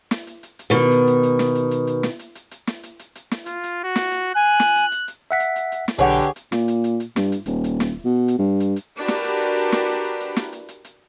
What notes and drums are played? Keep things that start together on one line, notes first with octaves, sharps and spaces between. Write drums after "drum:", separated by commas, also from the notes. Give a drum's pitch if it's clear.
drum: snare
drum: hi-hat
drum: hi-hat
drum: hi-hat
B2 D#3
drum: hi-hat
drum: hi-hat
drum: hi-hat
drum: snare
drum: hi-hat
drum: hi-hat
drum: hi-hat
drum: snare
drum: hi-hat
drum: hi-hat
drum: hi-hat
drum: snare
drum: hi-hat
drum: hi-hat
drum: hi-hat
drum: snare
F4, drum: hi-hat
drum: hi-hat
F#4
drum: snare
drum: hi-hat
G#5 F#6
drum: snare
drum: hi-hat
drum: hi-hat
drum: hi-hat
E5 F#5 B6
drum: hi-hat
drum: hi-hat
drum: hi-hat
drum: snare
B1 D3 G4 G#4 B4 C#5 F#5
drum: hi-hat
drum: hi-hat
A#2, drum: snare
drum: hi-hat
drum: hi-hat
drum: hi-hat
G2, drum: snare
drum: hi-hat
D#1, drum: hi-hat
drum: hi-hat
drum: snare
B2
drum: hi-hat
G2
drum: hi-hat
drum: hi-hat
D4 F#4 G4 A#4 B4
drum: snare
drum: hi-hat
drum: hi-hat
drum: hi-hat
drum: snare
drum: hi-hat
drum: hi-hat
drum: hi-hat
drum: snare
drum: hi-hat
drum: hi-hat
drum: hi-hat